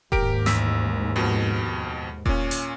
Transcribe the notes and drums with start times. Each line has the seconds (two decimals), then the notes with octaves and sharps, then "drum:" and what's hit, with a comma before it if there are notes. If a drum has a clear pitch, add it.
0.12 D#2 G#2 G4 A#4 D7, drum: kick E1
0.46 A1 E6 B6, drum: snare
1.16 F2 B2
2.26 A#2 C#4, drum: kick E1
2.51 drum: open hi-hat